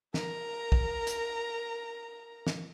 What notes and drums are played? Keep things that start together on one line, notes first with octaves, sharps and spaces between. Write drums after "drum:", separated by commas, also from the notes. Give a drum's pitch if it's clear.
A#4 A#5, drum: snare
drum: kick
drum: hi-hat
drum: snare